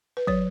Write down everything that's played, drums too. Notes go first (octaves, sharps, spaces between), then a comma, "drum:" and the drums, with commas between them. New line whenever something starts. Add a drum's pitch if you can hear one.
B4
F#3 C#5, drum: kick